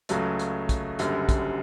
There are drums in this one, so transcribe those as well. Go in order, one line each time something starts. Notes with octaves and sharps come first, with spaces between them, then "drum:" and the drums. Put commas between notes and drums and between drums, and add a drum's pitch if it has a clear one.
C#2 C#3 F#3 A3, drum: hi-hat
drum: hi-hat
drum: kick, hi-hat
F#1 F#2 D3 G3, drum: hi-hat
drum: kick, hi-hat